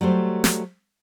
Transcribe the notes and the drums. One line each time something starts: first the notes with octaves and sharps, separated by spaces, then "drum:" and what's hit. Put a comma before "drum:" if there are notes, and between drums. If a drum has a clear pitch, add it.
F#3 G3 A3 C5
drum: snare